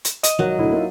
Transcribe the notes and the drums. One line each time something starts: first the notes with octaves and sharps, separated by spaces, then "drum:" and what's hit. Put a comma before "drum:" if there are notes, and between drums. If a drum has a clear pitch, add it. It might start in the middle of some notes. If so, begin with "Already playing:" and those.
drum: hi-hat
D#5, drum: hi-hat
G#1 F#3 A#4 F#6
D2 A2 E4
A#3 D#4 F4